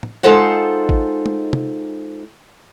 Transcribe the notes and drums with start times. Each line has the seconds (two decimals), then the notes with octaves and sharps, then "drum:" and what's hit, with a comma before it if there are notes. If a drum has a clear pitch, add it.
0.03 drum: tom
0.23 G#3 D#4 F4 A4 C5 F#5
0.89 drum: kick G#1
1.26 drum: tom
1.53 drum: tom